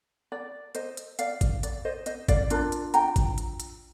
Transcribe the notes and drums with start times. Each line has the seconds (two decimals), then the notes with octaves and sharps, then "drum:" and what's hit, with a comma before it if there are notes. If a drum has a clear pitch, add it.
0.32 D5
0.75 C5 D#5, drum: hi-hat
0.97 drum: hi-hat
1.19 D5 F5, drum: hi-hat
1.41 drum: kick, hi-hat
1.63 D5, drum: hi-hat
1.85 C5 D#5
2.06 C5 D#5, drum: hi-hat
2.28 D5 F5, drum: kick, hi-hat
2.50 D4 F4 A#4, drum: hi-hat
2.72 drum: hi-hat
2.94 G5 A#5, drum: hi-hat
3.16 drum: kick, hi-hat
3.38 drum: hi-hat
3.60 drum: hi-hat